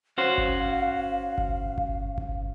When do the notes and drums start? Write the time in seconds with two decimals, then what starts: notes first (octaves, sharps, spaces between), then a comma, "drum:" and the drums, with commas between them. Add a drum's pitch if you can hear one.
0.18 C#4 F#4 C5 F5
0.38 drum: kick G1
1.38 drum: kick G1
1.78 drum: kick G1
2.18 drum: kick G1